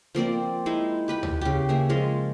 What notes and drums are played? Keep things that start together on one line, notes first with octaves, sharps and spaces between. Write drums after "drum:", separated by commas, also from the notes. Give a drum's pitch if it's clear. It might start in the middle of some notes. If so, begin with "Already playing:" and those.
F3 A#3 C4 D5
G#3 D#4 E4 C6
G4 B4 B5
drum: tom
C#3 G4
A#3 G#4 E5
F3 G#3 F4